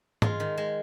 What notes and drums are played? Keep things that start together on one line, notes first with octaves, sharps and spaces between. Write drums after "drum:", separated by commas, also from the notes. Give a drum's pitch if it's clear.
G#3 F4, drum: tom G#2
D#3
G#3